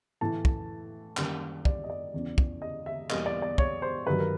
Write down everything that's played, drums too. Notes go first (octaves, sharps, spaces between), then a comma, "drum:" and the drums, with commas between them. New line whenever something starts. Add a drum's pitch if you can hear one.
A2 E3 A3 A5
drum: kick
F#2 D#3 G3 A#3, drum: clap
D5, drum: kick
D#5
D5
E2 C#3 E3
drum: kick
D#5
E5
E2 B2 G3 A#3 D#5, drum: clap
D5
D5
C#5, drum: kick
C5
G2 D#3 F#3 B4
A#4